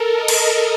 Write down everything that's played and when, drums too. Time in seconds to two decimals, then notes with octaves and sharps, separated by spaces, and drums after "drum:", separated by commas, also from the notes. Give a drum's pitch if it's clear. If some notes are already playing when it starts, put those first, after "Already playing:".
Already playing: A4 A#4
0.15 D#5
0.28 drum: cymbal